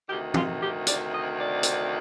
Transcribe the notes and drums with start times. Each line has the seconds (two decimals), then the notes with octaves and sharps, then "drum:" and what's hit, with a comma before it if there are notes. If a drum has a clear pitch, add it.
0.08 D2 C3 D#3 G4
0.34 F4, drum: tom
0.60 G4
0.87 D5, drum: hi-hat
1.13 D#5
1.39 D5
1.63 drum: hi-hat